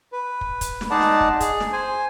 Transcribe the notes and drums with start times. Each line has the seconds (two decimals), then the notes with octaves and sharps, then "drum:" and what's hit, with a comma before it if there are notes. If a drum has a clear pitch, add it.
0.12 B4
0.41 drum: kick
0.61 drum: kick, hi-hat
0.81 drum: snare
0.90 G#3 D#4 G#4 D5 F#5 A5
1.01 drum: snare
1.21 drum: kick
1.40 G#4, drum: kick, hi-hat
1.60 drum: snare
1.73 C5 G#5